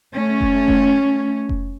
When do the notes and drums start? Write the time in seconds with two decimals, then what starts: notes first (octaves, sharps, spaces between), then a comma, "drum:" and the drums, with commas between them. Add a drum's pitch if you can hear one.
0.13 A3 C#4
0.41 drum: kick F1
0.68 drum: kick F1
1.49 drum: kick F1